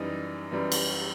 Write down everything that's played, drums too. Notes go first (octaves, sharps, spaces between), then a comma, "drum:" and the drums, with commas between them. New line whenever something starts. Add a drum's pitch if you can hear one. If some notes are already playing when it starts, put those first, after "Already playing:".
Already playing: F#2 E3 G3 D#4 D#5
F#2 E3 G3
drum: cymbal